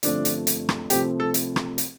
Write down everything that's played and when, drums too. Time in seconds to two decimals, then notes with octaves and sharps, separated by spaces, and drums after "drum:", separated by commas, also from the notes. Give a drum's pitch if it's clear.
0.03 G1 G2 F3 A3 C4 D4, drum: hi-hat
0.25 drum: hi-hat
0.47 drum: hi-hat
0.69 drum: rim click
0.90 C2 C3 F3 A3 C4 G4, drum: hi-hat
1.20 A4
1.34 drum: hi-hat
1.56 drum: rim click
1.78 drum: hi-hat